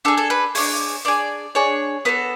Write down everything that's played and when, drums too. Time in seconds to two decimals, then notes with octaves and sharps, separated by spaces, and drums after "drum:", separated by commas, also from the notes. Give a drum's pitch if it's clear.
0.05 D4 G#4 A4
0.17 A4
0.30 B4
0.55 D4 G#4 C#5, drum: open hi-hat
1.05 D4 G#4 D5
1.55 D4 G#4 C#5
2.05 B3 F#4 A4 B4